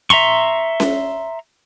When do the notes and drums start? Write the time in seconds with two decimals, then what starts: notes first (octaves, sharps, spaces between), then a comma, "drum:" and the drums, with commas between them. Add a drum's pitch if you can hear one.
0.10 E5 A#5 C6 C#6
0.80 drum: snare C#4